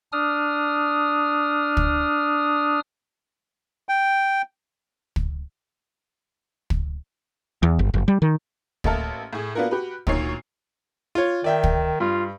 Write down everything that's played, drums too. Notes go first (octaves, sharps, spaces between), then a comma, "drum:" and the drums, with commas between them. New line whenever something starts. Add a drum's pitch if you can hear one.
D4 D#6 F6
drum: kick
G5
drum: kick
drum: kick
E2
G1
F#1
G3
D#3
A1 A#3 A4 E5 A5 F6, drum: kick
A2 G#4
A#3 B3 D4 F4 F#4 A#4
F#4 G4 B4
D2 A#2 D#3 C#5 C7, drum: kick
F4 C#5
D#3 D5 E5 G5
drum: kick
G2 F4